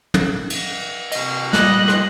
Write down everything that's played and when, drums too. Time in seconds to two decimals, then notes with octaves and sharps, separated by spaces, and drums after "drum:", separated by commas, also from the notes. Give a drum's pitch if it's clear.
0.14 drum: tom
0.50 drum: cymbal
1.12 C3 D#5, drum: cymbal
1.53 G3 D#5 F#6, drum: snare
1.88 drum: rim click